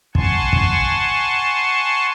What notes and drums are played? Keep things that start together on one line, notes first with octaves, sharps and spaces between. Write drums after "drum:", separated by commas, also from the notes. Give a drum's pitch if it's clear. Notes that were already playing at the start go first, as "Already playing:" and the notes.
F#5 G#5 A5 C6 C#6, drum: kick
drum: kick